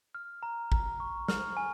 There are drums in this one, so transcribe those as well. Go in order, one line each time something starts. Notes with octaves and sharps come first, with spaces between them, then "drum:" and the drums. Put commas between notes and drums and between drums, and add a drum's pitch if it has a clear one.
F6
A#5
A#5, drum: kick
C#6
F6, drum: snare
G#5